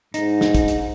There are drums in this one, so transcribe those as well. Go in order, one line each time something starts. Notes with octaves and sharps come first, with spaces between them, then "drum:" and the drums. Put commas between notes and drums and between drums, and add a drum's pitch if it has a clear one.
G#2 D#4, drum: hi-hat
drum: snare
drum: kick, hi-hat
drum: hi-hat